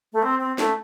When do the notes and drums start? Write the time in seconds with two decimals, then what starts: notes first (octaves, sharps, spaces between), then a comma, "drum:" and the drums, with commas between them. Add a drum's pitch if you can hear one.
0.13 A3
0.22 C4
0.40 C4
0.58 A3, drum: snare